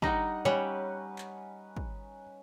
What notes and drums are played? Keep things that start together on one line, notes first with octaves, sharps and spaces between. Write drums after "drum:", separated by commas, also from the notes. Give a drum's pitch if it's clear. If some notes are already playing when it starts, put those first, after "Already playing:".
G3 D#4 D#5 F#5 A#5, drum: kick
G3 C#4 B4 C#5
drum: clap
drum: kick